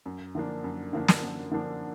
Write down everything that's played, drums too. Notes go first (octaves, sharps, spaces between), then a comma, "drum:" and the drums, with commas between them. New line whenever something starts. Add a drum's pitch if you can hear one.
F#2
D3 F3 A#3 D4
F#2
D3 F3 A#3 D4
drum: snare
F#2
D3 F3 A#3 D4